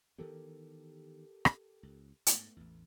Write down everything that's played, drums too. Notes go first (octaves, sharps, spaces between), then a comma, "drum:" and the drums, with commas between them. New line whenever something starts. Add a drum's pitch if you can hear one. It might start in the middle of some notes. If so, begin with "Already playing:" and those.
D#3 E3 B3 G4 A4 A#4
drum: rim click
C#2
G#2 A3 B3, drum: hi-hat
A1 E2